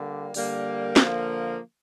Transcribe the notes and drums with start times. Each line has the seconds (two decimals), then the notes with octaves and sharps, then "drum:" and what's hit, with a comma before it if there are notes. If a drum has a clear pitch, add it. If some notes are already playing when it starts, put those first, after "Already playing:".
Already playing: D3 G3 A#3
0.34 D3 G3 A#3, drum: open hi-hat
0.96 D3 F3 A#3, drum: snare